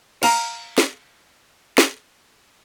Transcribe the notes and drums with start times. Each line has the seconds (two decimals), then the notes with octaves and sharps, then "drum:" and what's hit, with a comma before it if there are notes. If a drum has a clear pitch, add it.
0.23 F5 A#5, drum: cymbal
0.78 drum: snare
1.78 drum: snare